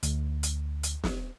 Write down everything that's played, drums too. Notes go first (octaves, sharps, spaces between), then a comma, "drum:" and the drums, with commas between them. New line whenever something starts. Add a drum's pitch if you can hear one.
D2, drum: hi-hat
drum: hi-hat
drum: hi-hat
drum: snare